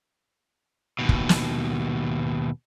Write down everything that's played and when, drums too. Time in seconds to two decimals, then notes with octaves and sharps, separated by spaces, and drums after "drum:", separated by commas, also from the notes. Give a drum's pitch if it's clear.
0.99 D#2 B2
1.09 drum: kick
1.29 drum: snare